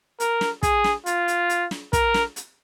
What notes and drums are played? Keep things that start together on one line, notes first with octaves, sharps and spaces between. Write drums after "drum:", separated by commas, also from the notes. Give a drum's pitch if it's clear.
A#4, drum: hi-hat
drum: snare
G#4, drum: kick, hi-hat
drum: snare
F4, drum: hi-hat
drum: hi-hat
drum: hi-hat
drum: snare
A#4, drum: kick, hi-hat
drum: snare
drum: hi-hat